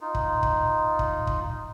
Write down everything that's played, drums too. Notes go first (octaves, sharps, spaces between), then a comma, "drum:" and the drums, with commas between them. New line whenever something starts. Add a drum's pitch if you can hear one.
D#4 F4
drum: kick
drum: kick
drum: kick
drum: kick